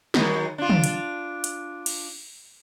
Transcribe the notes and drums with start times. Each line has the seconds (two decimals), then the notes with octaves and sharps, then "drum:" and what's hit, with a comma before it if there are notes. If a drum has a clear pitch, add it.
0.14 D#3 F#3 G#3, drum: snare
0.58 D4 F4
0.70 drum: tom
0.84 drum: hi-hat
1.44 drum: hi-hat
1.86 drum: cymbal